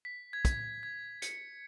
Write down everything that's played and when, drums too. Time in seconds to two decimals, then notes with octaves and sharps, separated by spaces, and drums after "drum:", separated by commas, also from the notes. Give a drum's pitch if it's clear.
0.05 B6
0.33 G#6
0.45 B6, drum: kick, hi-hat
0.83 G#6
1.22 C#7, drum: hi-hat